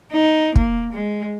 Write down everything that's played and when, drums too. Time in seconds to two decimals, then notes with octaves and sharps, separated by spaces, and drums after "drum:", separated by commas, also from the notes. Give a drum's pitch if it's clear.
0.12 D#4
0.55 A#3, drum: kick
0.93 G#3